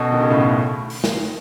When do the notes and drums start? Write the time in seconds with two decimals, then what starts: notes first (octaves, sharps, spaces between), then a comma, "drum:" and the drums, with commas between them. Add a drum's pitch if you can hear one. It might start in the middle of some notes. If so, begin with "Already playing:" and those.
Already playing: B2 C#4 F#4 A4 D#5
0.12 D#3
0.21 C#3
0.30 A2
0.40 B2
0.49 A2
0.90 drum: open hi-hat
1.04 drum: snare